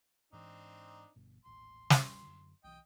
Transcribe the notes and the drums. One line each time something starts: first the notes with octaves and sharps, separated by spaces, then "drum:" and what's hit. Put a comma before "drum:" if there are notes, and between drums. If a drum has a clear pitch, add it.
G#2 E3 C4 D4 D#4
G1 G2 B2
D#1 A1 C6
drum: snare
F#2 D3
B1 E3 D#5 G5